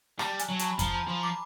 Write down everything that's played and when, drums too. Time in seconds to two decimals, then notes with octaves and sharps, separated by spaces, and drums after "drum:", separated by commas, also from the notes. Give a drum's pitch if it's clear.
0.19 G3 A5, drum: rim click
0.39 G#5, drum: hi-hat
0.49 F#3
0.59 A5, drum: hi-hat
0.72 B5
0.79 F3 A#5, drum: kick F2, hi-hat
0.94 A#5
1.08 F3 B5
1.23 D6